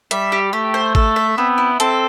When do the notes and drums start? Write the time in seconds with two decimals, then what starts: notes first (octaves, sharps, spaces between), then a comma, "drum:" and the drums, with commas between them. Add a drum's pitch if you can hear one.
0.11 G3 E5, drum: hi-hat
0.32 G4
0.53 A3 G4
0.74 C5
0.95 A3 A4, drum: kick G#1
1.16 E5
1.37 B3 C4
1.58 E4
1.80 C4 A4, drum: hi-hat